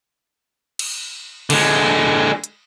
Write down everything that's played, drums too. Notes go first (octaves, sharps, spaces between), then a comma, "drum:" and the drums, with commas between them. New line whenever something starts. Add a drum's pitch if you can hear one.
drum: cymbal
D3 G#3, drum: cymbal
drum: hi-hat